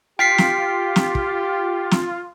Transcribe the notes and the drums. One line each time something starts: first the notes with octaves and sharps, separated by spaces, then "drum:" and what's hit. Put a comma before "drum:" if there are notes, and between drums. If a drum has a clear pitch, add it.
F4 G4 G5 B6 C7
drum: snare
drum: snare
drum: kick
drum: snare